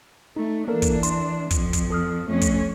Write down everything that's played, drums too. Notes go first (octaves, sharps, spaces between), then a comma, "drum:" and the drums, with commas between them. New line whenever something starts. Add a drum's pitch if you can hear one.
A3 D#4
E3 A#3 D4 A4 A#4
drum: kick, hi-hat
C6, drum: hi-hat
F2 F3, drum: kick, hi-hat
drum: kick, hi-hat
A4 D#6 F6
F2 A3 C#4
drum: kick, hi-hat